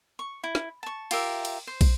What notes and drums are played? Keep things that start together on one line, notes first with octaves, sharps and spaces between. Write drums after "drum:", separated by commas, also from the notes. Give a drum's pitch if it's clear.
C#6
E4
drum: snare
A5 C#6
F4 G4 A#4 E5, drum: cymbal
drum: cymbal
C5
drum: kick, cymbal